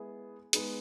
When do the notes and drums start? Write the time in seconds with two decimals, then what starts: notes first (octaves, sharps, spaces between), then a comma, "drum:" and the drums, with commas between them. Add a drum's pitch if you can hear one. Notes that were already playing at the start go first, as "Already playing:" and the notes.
Already playing: G#3 B3 E4 G#4
0.53 G#3 B3 D#4 G#4, drum: hi-hat